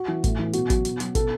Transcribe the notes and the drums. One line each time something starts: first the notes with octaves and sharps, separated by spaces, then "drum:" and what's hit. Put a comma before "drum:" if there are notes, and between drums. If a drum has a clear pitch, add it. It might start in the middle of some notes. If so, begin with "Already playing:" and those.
Already playing: F#4
E3
A2, drum: kick, hi-hat
E3
B2 F#4, drum: hi-hat
F#3, drum: kick, hi-hat
B2, drum: hi-hat
F#3, drum: hi-hat
B2 A4, drum: kick, hi-hat